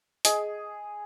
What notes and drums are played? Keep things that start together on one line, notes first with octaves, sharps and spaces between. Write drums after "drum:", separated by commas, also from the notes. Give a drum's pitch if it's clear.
G#4 D#5, drum: hi-hat